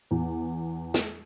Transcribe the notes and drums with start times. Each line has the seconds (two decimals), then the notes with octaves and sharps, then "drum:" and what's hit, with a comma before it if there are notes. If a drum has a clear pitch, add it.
0.11 E2
0.94 drum: snare